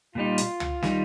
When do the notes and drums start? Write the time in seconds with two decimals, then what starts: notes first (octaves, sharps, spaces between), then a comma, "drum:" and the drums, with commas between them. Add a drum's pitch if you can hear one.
0.15 A#2 G3 D#4 F4
0.38 drum: hi-hat
0.60 drum: tom
0.83 D#3 G3 D#4, drum: snare